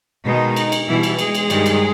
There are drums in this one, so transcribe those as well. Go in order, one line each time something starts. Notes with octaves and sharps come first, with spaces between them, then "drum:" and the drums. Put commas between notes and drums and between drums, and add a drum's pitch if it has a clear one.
B2 D#3 G#3 D#4
drum: cymbal
drum: cymbal
B2 E3 G3 E4
drum: cymbal
G#3 G#4, drum: cymbal
drum: cymbal
G2 D#3 G3, drum: cymbal
drum: cymbal